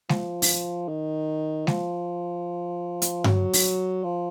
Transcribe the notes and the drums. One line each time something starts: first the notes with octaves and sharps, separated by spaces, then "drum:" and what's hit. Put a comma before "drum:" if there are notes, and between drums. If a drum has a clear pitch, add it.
F3, drum: snare G#3
drum: open hi-hat
D#3
F3, drum: snare G#3
drum: hi-hat
F#3, drum: tom G2
drum: open hi-hat
F3